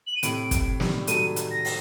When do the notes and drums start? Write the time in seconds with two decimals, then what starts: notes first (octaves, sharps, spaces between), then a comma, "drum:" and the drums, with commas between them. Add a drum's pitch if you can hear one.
0.07 F#7
0.15 D#7
0.23 A2 C3 D7, drum: hi-hat
0.51 drum: kick, hi-hat
0.80 D#3 G3, drum: snare
1.07 F#3 A3 D#7, drum: hi-hat
1.36 drum: hi-hat
1.51 A#6
1.65 drum: open hi-hat